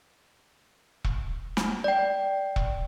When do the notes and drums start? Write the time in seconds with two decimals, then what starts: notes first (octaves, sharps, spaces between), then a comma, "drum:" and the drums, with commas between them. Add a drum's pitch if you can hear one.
1.04 drum: kick E1
1.57 drum: snare
1.84 D5 G5
2.56 drum: kick E1